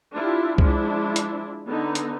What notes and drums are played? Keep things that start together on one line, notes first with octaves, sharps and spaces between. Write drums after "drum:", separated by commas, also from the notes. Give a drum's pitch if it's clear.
D4 E4 F4 G4
F3 G#3 D4 E4, drum: kick C2
drum: hi-hat
D3 B3 D#4
drum: hi-hat